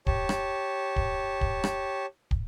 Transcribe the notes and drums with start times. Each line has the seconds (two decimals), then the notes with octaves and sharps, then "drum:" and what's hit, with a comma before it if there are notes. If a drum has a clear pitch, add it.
0.07 G4 C#5 A5, drum: kick
0.29 drum: rim click
0.96 drum: kick
1.41 drum: kick
1.64 drum: rim click
2.31 drum: kick